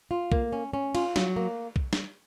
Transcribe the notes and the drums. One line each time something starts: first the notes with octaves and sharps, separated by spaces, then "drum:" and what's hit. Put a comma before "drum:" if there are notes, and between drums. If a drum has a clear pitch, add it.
F4
A#3, drum: kick B1
C#4
C#4
F4, drum: cymbal
F#3, drum: snare
A#3
drum: kick B1
drum: snare